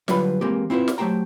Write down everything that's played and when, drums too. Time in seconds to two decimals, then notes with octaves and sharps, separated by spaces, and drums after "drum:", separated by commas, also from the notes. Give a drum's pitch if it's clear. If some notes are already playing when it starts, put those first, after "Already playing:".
0.08 D3 F#3 G3 F4 B4 B5, drum: snare
0.41 E3 G#3 A#3 C4 G4
0.70 C4 E4 F4 B4 C5
0.88 drum: snare
0.98 F#3 A3 G4 C5 G5 A#5